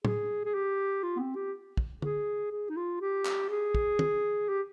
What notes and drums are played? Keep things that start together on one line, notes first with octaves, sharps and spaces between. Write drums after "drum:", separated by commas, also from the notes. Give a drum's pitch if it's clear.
G#4, drum: tom
G#4
G4
F4
B3
C4
G4
drum: kick
G#4, drum: tom
G#4
D#4
F4
G4
drum: clap
G#4
drum: kick
drum: tom
G4